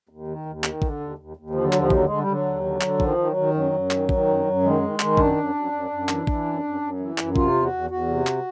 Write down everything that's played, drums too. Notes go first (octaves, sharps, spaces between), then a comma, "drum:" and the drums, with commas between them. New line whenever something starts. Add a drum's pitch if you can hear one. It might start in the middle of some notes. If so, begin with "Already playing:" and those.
D#2
D#3
D#2
D#3, drum: clap
D3, drum: kick
D#2
D#2
D#2
D3 F3
F#3
D#2 F3, drum: clap
D3 F#3, drum: kick
D3 G#3
G3
D3
F#3
D#2
D3
D3, drum: clap
D#3 F3, drum: kick
D#3
F#3
D#3
F#2 F#3
F#2
D#3, drum: clap
D#3, drum: kick
F#2
F#2
D#3 G#3
D#3
D#3, drum: clap
F#2 D4, drum: kick
F#2
F#2
F#2
F#2
E3, drum: clap
E3, drum: kick
F#2
F#2
F#2
E3
F#2, drum: clap
C3 F4, drum: kick
E2
F#4
E2
E2 F#4
C3
drum: clap